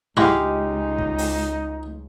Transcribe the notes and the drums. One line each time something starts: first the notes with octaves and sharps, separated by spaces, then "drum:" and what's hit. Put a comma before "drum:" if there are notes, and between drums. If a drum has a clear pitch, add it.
C#2 G#3 D#4 E4 F#4 G4 F5, drum: snare
drum: kick
drum: open hi-hat